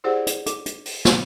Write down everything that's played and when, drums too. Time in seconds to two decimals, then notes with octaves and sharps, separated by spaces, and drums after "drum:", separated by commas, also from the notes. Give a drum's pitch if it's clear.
0.04 E4 G4 G#4 C5 D5 F#5
0.27 drum: hi-hat
0.46 D6, drum: hi-hat
0.66 drum: hi-hat
0.85 drum: open hi-hat
1.05 drum: snare